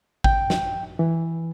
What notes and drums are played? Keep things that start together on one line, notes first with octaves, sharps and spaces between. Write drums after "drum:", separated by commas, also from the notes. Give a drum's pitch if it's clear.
G5, drum: kick A1
drum: snare
E3